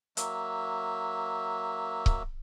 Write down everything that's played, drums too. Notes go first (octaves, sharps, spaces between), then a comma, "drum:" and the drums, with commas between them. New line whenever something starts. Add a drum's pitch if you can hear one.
F#3 A#3 E5, drum: hi-hat
drum: kick C#1